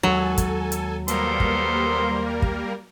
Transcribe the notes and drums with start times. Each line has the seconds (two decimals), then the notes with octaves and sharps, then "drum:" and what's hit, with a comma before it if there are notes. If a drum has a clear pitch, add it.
0.03 D#2 F#3 G#3 A4 G#5
0.38 drum: kick, hi-hat
0.72 drum: hi-hat
1.08 G3 A#3 B3 A4 A#4 C5, drum: hi-hat
1.40 drum: kick
2.42 drum: kick